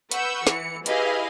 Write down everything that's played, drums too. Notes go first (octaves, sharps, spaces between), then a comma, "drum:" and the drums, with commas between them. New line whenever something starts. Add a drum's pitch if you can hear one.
B4 F#5 C#6 E6 G6, drum: hi-hat
E3 C#7, drum: snare
E4 G4 G#4 B4 D#5 F5, drum: hi-hat